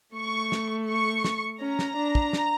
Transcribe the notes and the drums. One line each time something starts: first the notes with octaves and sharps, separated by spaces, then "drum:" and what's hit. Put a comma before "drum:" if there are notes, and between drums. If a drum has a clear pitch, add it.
A3 C#6
drum: snare
C#6
drum: snare
C#4 A#5
drum: snare
D4
drum: kick
drum: snare